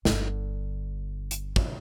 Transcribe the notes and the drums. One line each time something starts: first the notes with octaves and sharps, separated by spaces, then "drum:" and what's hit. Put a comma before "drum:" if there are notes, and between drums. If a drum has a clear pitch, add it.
G1 D3, drum: snare
drum: hi-hat
drum: kick